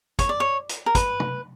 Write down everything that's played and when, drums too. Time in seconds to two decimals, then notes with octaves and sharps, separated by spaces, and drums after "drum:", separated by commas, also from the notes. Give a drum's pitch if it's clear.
0.19 C#5, drum: kick, hi-hat
0.29 D5
0.40 C#5
0.69 drum: hi-hat
0.86 A#4
0.95 B4, drum: kick, hi-hat
1.20 drum: tom